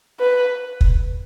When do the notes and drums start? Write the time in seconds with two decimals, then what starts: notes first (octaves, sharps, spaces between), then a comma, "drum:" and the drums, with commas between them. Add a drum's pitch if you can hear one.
0.20 B4
0.81 drum: kick